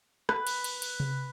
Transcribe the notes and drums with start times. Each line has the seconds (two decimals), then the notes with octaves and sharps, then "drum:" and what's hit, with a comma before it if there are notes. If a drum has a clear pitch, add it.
0.29 B4, drum: rim click
0.47 drum: cymbal
0.64 drum: cymbal
0.82 drum: cymbal
1.00 drum: tom C3